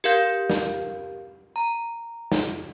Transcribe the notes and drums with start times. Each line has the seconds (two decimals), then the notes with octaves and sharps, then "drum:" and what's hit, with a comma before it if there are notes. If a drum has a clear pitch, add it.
0.04 G4 A#4 F5 G6
0.50 drum: snare
1.56 A#5
2.32 drum: snare